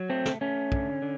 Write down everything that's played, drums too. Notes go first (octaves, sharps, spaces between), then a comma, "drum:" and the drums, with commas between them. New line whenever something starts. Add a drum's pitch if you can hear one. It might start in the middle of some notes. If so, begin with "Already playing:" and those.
Already playing: F#3
A3 C4
drum: snare
A3 C#4
D3, drum: kick
D3